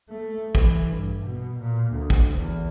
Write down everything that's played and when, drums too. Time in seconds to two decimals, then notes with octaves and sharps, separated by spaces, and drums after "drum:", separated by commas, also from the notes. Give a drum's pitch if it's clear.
0.10 A3
0.55 E3, drum: kick
0.91 G2
1.26 B2
1.59 A#2
1.93 D2
2.10 drum: kick
2.37 E2